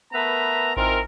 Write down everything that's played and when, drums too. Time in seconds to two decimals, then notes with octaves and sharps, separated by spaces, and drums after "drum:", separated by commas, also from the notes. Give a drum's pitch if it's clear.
0.13 A3 B3 A#4 B4 E5 A#5
0.77 E3 C4 D#4 F4 A#4, drum: kick A1